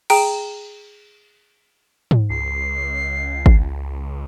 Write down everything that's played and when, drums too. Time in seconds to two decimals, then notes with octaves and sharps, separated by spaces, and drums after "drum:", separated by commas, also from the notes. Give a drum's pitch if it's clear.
0.10 G#4 G5 A#5 D7, drum: cymbal
2.11 drum: tom G#2
2.30 C#2 C7
3.46 drum: kick G#1